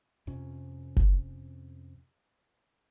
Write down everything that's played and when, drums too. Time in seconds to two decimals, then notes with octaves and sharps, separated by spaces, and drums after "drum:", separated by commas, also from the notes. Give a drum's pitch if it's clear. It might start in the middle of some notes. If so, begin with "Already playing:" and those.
0.27 F2 C3 C#4
0.97 drum: kick F#1